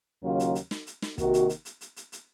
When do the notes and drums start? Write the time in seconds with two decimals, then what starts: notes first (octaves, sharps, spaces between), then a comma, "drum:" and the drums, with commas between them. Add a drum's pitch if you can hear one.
0.23 D#2 C#3 F#3 A#3 C#4 F4
0.40 drum: hi-hat
0.55 drum: hi-hat
0.71 drum: snare
0.87 drum: hi-hat
1.02 drum: snare
1.18 C3 D#3 A#3 F#4, drum: kick, hi-hat
1.34 drum: hi-hat
1.49 drum: hi-hat
1.65 drum: hi-hat
1.81 drum: hi-hat
1.96 drum: hi-hat
2.12 drum: hi-hat